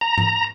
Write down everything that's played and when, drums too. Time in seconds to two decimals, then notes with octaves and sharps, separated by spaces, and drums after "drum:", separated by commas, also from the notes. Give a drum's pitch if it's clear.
0.01 A#5
0.18 drum: tom G#2